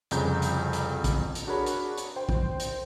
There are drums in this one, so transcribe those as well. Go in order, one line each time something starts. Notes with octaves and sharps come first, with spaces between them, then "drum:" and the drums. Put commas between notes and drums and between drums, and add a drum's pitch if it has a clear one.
C2 F2 C#3 A#5 G6, drum: hi-hat
drum: hi-hat
drum: hi-hat
drum: kick, hi-hat
drum: hi-hat
D4 F#4 G#4 A#4 C#5 B5
drum: hi-hat
drum: hi-hat
C5 G5
drum: kick
drum: hi-hat